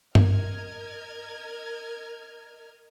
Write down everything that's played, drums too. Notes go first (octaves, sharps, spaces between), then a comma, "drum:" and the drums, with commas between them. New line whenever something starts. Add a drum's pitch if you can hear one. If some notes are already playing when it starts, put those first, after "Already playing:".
A#4 D#5 F6 G#6, drum: tom G2